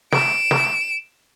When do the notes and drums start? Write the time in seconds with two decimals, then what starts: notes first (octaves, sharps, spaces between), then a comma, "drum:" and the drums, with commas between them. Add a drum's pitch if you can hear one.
0.12 D7 E7, drum: snare
0.51 drum: snare